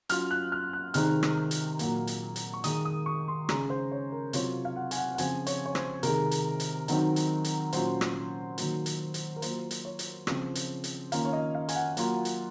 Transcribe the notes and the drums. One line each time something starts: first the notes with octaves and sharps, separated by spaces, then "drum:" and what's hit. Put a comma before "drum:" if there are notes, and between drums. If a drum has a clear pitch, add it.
F#3 C#4 F4 F6, drum: hi-hat
F#6
F6
F#6
C3 D#3 G#3 C4 D#4 F6, drum: hi-hat
drum: rim click
drum: hi-hat
A#2 F#3 A#3, drum: hi-hat
drum: hi-hat
drum: hi-hat
C#6
D#3 G#3 D#4 D#6, drum: hi-hat
D#6
C#6
C6
C#3 G#3 C#4 A#5, drum: rim click
C5
C#5
A#4
C3 F#3 C4 F4 C#5, drum: hi-hat
F5
F#5
G#5, drum: hi-hat
F#5
F#5
C#3 F3 C4 F4 G#5, drum: hi-hat
C#5, drum: hi-hat
C#5
C5, drum: rim click
C3 D#3 G#3 A#4, drum: hi-hat
drum: hi-hat
drum: hi-hat
D#3 F#3 C4 D#4, drum: hi-hat
drum: hi-hat
drum: hi-hat
A#2 F#3 C#4 F4 C5, drum: hi-hat
drum: rim click
D#3 F#3 A#3, drum: hi-hat
drum: hi-hat
drum: hi-hat
A#4
F#3 A#3 F4 C5, drum: hi-hat
drum: hi-hat
C#5
drum: hi-hat
C#3 F3 C4, drum: rim click
drum: hi-hat
drum: hi-hat
D#3 A#3 C#4 F4 F5, drum: hi-hat
C#5
D#5
F5
G#5, drum: hi-hat
F#5
F#3 A#3 F4, drum: hi-hat
drum: hi-hat